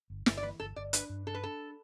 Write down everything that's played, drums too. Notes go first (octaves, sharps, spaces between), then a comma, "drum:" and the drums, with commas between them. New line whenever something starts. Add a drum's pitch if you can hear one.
G1
G1, drum: snare
D5
E3 B4
G1 A4
G1 D5
D4 B4, drum: hi-hat
G2
D4 A4
B4
D4 A4